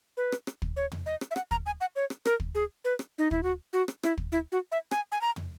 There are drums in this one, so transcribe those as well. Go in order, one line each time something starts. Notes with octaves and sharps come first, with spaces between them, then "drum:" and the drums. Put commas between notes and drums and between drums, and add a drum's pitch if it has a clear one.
B4
drum: rim click
drum: rim click
drum: kick
C#5
drum: tom
D#5
drum: rim click
E5
F#5, drum: rim click
A#5, drum: kick
G#5
F#5
C#5
drum: rim click
A#4, drum: rim click
drum: kick
G#4
B4
drum: rim click
D#4
E4, drum: kick
F#4
F#4
drum: rim click
E4, drum: rim click
drum: kick
E4
F#4
E5
G#5, drum: rim click
G#5
A#5
drum: tom